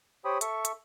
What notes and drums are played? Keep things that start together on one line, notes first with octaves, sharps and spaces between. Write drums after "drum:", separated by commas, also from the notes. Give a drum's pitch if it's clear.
G4 C5 C#5 G5 B5 D#6
A4 E5 C#6, drum: hi-hat
drum: hi-hat